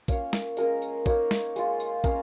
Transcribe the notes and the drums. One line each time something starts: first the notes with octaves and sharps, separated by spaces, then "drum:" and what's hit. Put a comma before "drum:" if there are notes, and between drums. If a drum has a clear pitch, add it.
A#3 C#4 F4 C#5 F5, drum: kick, tambourine
drum: snare
G#3 C#4 F4 A#4 D#5, drum: tambourine
drum: tambourine
A#3 D#4 C#5 F5, drum: kick, tambourine
drum: snare
G#3 F4, drum: tambourine
drum: tambourine
A#3 C#4 F4 F5 A#5, drum: kick, tambourine